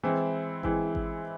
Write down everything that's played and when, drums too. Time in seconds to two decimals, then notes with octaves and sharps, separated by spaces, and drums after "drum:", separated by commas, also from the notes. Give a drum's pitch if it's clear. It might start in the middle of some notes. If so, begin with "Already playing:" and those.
0.03 E3 G#3 C4 E4
0.63 E3 G#3 C4 E4, drum: kick G#1
0.95 drum: kick G#1